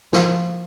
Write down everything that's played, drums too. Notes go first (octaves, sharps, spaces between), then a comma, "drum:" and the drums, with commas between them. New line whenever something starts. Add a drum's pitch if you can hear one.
F3, drum: snare